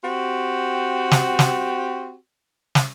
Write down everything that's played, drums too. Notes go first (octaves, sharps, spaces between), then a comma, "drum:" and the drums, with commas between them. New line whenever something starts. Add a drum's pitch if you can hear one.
C4 F#4 G4
drum: snare
drum: snare
drum: snare